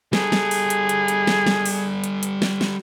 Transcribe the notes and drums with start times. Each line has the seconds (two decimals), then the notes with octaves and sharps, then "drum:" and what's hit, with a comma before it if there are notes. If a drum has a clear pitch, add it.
0.13 G3 G#4 A4, drum: snare
0.32 drum: snare
0.51 drum: open hi-hat
0.70 drum: hi-hat
0.89 drum: hi-hat
1.08 drum: hi-hat
1.27 drum: snare
1.46 drum: snare
1.66 drum: open hi-hat
2.04 drum: hi-hat
2.23 drum: hi-hat
2.42 drum: snare
2.61 drum: snare